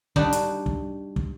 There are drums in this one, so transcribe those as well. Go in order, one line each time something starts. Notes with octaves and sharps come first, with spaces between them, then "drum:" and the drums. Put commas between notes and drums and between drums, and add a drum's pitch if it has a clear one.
G3 D4 D#4 F#4, drum: kick
drum: hi-hat
drum: kick
drum: kick